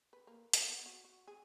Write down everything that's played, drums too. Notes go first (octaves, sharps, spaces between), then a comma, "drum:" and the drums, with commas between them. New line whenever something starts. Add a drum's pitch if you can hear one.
B4
A#3
D4, drum: hi-hat
B3
F#4
F#4
G#4